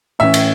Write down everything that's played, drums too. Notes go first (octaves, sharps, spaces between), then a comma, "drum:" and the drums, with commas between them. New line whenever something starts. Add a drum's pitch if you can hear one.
A2 E3 C#4 E5
drum: cymbal